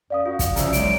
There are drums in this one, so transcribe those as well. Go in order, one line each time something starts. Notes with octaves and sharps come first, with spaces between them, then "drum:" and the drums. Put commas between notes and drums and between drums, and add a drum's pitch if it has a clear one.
F#2 D5 F5 D#6
F4 F#4
drum: kick, hi-hat
C#3 F3 E5 A#5 E6, drum: hi-hat
B1 G#3 C#5 D5 D7, drum: hi-hat